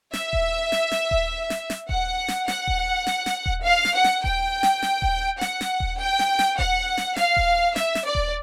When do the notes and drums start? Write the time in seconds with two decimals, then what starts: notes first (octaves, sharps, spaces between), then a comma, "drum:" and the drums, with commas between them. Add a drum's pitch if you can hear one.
0.13 E5, drum: snare
0.33 drum: kick D#1
0.72 drum: snare
0.92 drum: snare
1.11 drum: kick D#1
1.50 drum: snare
1.70 drum: snare
1.89 F#5, drum: kick D#1
2.28 drum: snare
2.48 F#5, drum: snare
2.67 drum: kick D#1
3.07 drum: snare
3.26 drum: snare
3.46 drum: kick D#1
3.65 F5
3.85 drum: snare
3.95 F#5
4.04 drum: snare
4.24 G5, drum: kick D#1
4.63 drum: snare
4.82 drum: snare
5.02 drum: kick D#1
5.41 F#5, drum: snare
5.61 drum: snare
5.80 drum: kick D#1
5.99 G5
6.19 drum: snare
6.39 drum: snare
6.59 F#5, drum: kick D#1
6.97 drum: snare
7.16 F5, drum: snare
7.37 drum: kick D#1
7.76 E5, drum: snare
7.95 drum: snare
8.05 D5
8.15 drum: kick D#1